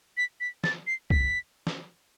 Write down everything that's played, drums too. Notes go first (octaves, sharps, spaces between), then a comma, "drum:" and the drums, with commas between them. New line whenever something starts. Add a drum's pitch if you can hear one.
B6
B6
A6, drum: snare
C7
B6, drum: kick C2
drum: snare